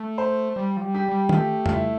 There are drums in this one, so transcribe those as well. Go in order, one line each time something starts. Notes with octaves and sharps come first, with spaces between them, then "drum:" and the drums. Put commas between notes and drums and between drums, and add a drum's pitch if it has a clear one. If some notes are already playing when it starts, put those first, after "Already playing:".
Already playing: A3
C5
G3
F3
G3
G4
G3
F4, drum: tom D#3
A3 G4
F4, drum: tom F2
E4